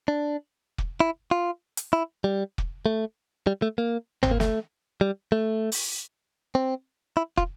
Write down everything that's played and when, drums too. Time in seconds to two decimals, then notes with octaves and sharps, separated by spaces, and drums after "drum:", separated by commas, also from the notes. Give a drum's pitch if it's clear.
0.08 D4
0.78 drum: kick
1.00 E4
1.31 F4
1.77 drum: hi-hat
1.93 E4
2.24 G3
2.58 drum: kick
2.86 A3
3.47 G3
3.62 A3
3.78 A#3
4.23 C4, drum: tom G1
4.31 A#3
4.40 A3, drum: snare
5.01 G3
5.32 A3
5.72 drum: open hi-hat
6.55 C4
7.17 E4
7.38 F4, drum: kick